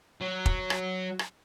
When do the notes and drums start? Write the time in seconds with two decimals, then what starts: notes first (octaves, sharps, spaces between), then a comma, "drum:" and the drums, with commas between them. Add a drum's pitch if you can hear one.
0.21 F#3
0.46 drum: kick
0.70 drum: rim click
1.19 drum: rim click